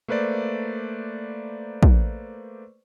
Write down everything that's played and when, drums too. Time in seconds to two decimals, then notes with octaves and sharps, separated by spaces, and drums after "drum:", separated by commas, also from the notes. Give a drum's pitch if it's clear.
0.08 A3 A#3 B4 C5 D5
1.83 drum: kick